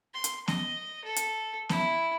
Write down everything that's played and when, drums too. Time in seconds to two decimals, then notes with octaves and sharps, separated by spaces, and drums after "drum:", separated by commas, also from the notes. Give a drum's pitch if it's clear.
0.14 C6
0.24 drum: hi-hat
0.48 D#5, drum: snare B3
1.04 A4
1.16 drum: hi-hat
1.69 E4, drum: snare B3